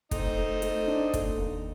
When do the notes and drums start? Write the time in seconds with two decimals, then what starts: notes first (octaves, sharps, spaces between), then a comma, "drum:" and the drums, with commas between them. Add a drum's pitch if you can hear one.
0.11 A3 C4 D#4, drum: kick, hi-hat
0.37 A3
0.62 A3, drum: hi-hat
0.87 D4
1.14 A3, drum: kick, hi-hat
1.38 D#2